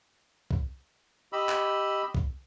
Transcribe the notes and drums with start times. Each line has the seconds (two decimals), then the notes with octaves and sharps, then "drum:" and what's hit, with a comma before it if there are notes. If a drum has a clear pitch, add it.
0.51 drum: kick C2
1.33 G4 D#5 B5 E6
1.49 drum: clap
2.15 drum: kick C2